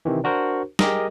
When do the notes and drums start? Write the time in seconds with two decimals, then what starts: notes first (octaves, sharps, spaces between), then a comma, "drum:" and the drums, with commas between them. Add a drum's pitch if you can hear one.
0.05 C3 D#3 E3
0.24 D4 F#4 A#4 C5
0.79 G4 G#4 A#4 D#5, drum: snare